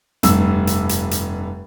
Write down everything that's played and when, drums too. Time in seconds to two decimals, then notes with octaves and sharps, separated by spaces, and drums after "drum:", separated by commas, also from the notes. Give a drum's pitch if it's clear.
0.23 F1 G2 E6, drum: hi-hat
0.67 drum: hi-hat
0.89 drum: hi-hat
1.11 drum: hi-hat